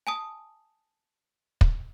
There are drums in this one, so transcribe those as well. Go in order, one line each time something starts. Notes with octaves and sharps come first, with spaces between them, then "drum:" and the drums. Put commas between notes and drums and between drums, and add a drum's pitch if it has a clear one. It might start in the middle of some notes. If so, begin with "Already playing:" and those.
G#5 A5 D#6
drum: kick